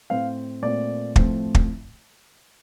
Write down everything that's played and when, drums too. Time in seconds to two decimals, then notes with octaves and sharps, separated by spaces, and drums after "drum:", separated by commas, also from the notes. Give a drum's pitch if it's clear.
0.10 A2 A3 C4 F5
0.62 A#2 A3 C4 D5
1.16 A2 F3 A3 C4, drum: kick
1.55 drum: kick